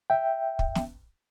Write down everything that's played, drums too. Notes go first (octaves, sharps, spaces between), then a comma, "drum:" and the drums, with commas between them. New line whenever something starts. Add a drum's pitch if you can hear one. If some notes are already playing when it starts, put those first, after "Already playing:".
E5 G5
drum: kick
drum: snare